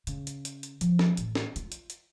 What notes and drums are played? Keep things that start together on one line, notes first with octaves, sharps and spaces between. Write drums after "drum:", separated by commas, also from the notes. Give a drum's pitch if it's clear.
C#3, drum: hi-hat
drum: hi-hat
drum: hi-hat
drum: hi-hat
F3, drum: hi-hat
drum: snare
A1, drum: hi-hat
drum: snare
F4, drum: hi-hat
drum: hi-hat
drum: hi-hat